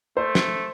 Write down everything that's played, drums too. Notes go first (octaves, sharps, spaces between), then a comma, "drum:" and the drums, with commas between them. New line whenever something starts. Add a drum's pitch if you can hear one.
A3 C5
drum: snare